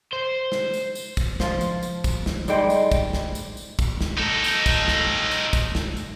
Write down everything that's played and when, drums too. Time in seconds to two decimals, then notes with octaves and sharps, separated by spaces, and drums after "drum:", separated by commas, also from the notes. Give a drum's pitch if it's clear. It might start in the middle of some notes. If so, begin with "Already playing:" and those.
0.13 C5
0.52 drum: snare
0.74 drum: tambourine
0.95 drum: tambourine
1.17 drum: kick, tambourine
1.40 F3 F4, drum: snare
1.61 drum: tambourine
1.83 drum: tambourine
2.04 drum: kick, tambourine
2.26 drum: snare
2.48 G#2 G3 G#3 G5, drum: tambourine
2.70 drum: tambourine
2.92 drum: kick, tambourine
3.13 drum: snare
3.35 drum: tambourine
3.57 drum: tambourine
3.79 drum: kick, tambourine
4.01 drum: snare
4.18 D#4 A4
4.44 drum: tambourine
4.66 drum: kick, tambourine
4.88 drum: snare
5.31 drum: tambourine
5.53 drum: kick, tambourine
5.75 drum: snare
5.97 drum: tambourine